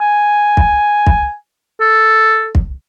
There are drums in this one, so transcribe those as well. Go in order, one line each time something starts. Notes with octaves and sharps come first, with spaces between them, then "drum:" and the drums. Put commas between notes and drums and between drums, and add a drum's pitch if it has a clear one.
G#5
drum: kick
drum: kick
A4
drum: kick